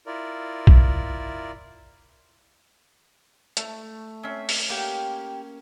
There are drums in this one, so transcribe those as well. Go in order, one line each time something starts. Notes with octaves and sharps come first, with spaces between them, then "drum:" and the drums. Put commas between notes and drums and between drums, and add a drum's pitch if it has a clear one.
E4 F4 A#4 D5
drum: kick
A3, drum: hi-hat
C4 C#4 E5
drum: open hi-hat
A#3 G4 F#5 G5